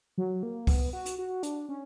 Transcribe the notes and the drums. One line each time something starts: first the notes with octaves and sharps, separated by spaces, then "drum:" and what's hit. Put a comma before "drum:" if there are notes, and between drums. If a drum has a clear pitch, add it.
F#3
A#3
B3, drum: kick C#2, open hi-hat
F#4
drum: hi-hat
F#4
D4, drum: hi-hat
C#4